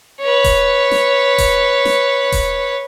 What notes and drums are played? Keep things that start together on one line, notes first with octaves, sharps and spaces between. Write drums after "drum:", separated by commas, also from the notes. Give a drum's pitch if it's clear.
B4 C#5
drum: kick E1, open hi-hat
drum: snare
drum: kick E1, open hi-hat
drum: snare
drum: kick E1, open hi-hat